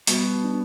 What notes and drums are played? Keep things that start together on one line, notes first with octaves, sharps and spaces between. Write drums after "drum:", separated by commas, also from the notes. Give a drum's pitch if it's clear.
B2 G3, drum: hi-hat
D4